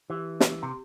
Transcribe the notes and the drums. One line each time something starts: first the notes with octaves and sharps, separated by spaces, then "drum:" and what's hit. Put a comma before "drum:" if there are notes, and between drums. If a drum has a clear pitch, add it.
E3 G4
G4, drum: snare
C3